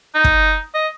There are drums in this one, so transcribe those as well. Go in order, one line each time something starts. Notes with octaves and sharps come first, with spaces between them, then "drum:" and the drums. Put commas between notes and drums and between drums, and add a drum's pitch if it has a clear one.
D#4
drum: kick
D#5